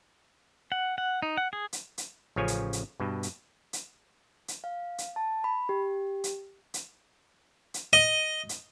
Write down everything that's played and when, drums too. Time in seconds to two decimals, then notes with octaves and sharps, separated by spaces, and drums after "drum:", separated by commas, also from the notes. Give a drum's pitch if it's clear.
0.72 F#5
0.98 F#5
1.22 D#4
1.37 F#5
1.53 G#4
1.73 drum: hi-hat
1.98 drum: hi-hat
2.36 A1 C#3 F3 C#5 G#5
2.48 drum: hi-hat
2.73 drum: hi-hat
3.00 G2 B2
3.23 drum: hi-hat
3.73 drum: hi-hat
4.48 drum: hi-hat
4.64 F5
4.98 drum: hi-hat
5.16 A5
5.44 B5
5.69 G4
6.24 drum: hi-hat
6.74 drum: hi-hat
7.74 drum: hi-hat
7.93 D#5
8.49 drum: hi-hat